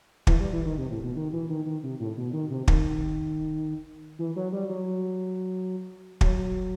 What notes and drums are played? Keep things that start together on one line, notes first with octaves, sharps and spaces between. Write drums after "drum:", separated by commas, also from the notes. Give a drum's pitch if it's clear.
E3, drum: kick
G3
E3
D#3
C3
A2
B2
D#3
E3
D#3
D#3
C3
A2
B2
D#3
C3
D#3, drum: kick
E3
F#3
G3
F#3
F#3, drum: kick